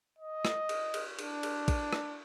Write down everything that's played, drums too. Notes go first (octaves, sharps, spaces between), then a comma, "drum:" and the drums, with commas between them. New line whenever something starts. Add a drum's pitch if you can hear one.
D#5
drum: rim click
drum: cymbal
drum: cymbal
D4, drum: cymbal
drum: cymbal
drum: kick, cymbal
drum: rim click